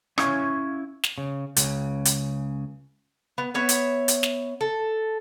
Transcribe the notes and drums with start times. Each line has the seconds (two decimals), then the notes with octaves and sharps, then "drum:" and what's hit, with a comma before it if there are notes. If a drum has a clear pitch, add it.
0.18 C#4 E4 C#5 F5 G#5, drum: rim click
1.04 drum: snare
1.18 C#3
1.56 C#2 C#3, drum: hi-hat
2.05 drum: hi-hat
3.38 B3
3.54 B3 C#5 E5
3.69 drum: hi-hat
4.08 drum: hi-hat
4.23 drum: snare
4.61 A4